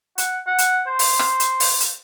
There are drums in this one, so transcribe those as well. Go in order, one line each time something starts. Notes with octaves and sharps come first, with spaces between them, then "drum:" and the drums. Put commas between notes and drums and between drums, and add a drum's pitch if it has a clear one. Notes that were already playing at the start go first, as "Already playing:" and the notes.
F#5, drum: hi-hat
F#5
drum: hi-hat
C5
drum: open hi-hat
drum: rim click
drum: hi-hat
drum: open hi-hat
drum: hi-hat